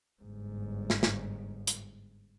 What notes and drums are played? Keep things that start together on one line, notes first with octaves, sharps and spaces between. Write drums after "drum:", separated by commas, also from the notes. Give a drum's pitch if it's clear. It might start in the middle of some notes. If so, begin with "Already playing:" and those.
G1 G#2
drum: snare
drum: snare
drum: hi-hat